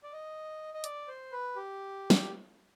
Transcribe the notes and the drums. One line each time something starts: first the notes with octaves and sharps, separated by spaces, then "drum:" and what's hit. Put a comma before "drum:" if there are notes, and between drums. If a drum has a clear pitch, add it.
D5
D#5
D#5
D5, drum: hi-hat
C5
B4
G4
drum: snare